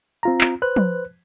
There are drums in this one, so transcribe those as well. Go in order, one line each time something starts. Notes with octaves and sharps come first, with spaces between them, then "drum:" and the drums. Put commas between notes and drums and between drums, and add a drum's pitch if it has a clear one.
C4 F4 A#5
drum: clap
B4 C5 F#6
drum: tom F3